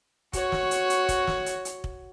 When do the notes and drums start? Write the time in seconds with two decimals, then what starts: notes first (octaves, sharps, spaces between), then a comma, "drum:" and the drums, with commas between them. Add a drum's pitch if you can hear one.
0.33 F#4 C#5, drum: kick, hi-hat
0.52 drum: snare
0.71 drum: hi-hat
0.90 drum: hi-hat
1.09 drum: kick, hi-hat
1.27 drum: snare
1.46 drum: hi-hat
1.65 drum: hi-hat
1.84 drum: kick